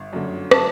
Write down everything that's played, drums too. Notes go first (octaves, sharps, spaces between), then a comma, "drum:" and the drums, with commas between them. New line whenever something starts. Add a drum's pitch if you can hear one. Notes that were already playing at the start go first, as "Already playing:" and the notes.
Already playing: G1
F#2 D3
A5, drum: rim click